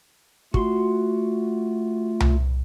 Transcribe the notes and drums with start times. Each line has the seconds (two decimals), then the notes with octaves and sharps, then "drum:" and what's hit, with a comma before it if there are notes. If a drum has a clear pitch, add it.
0.54 A3 F4 F#4 C6, drum: kick
2.20 drum: tom C2